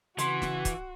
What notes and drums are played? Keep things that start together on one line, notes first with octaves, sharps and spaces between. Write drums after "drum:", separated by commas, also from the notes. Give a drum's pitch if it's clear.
C#3 E3 F#4 C6, drum: hi-hat
drum: snare
drum: kick, hi-hat